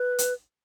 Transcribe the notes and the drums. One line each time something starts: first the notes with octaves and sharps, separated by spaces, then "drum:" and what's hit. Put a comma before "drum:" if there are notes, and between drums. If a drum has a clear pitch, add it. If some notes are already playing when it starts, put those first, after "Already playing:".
Already playing: B4
drum: hi-hat